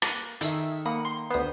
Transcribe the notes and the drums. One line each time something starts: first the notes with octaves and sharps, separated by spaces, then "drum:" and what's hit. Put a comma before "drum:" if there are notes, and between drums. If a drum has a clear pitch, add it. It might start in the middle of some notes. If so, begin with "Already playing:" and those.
A#3 F#6 C7 D#7, drum: rim click
D#3 D#4 G#4 A4 E5, drum: hi-hat
A#3 F#5 B5 D#6
C6
D2 B3 C5 D#6